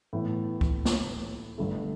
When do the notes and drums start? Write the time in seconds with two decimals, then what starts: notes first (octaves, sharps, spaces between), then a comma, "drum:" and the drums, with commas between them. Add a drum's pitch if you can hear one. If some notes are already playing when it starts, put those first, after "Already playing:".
0.13 A2 E3 B3 E4
0.61 drum: kick C#2
0.85 drum: snare
1.58 G1 G2 D3 A3